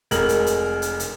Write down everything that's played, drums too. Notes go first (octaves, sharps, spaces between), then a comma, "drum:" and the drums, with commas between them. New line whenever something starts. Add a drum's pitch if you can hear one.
F1 G#3 A#4 F#7, drum: hi-hat
drum: hi-hat
drum: hi-hat
drum: hi-hat
drum: hi-hat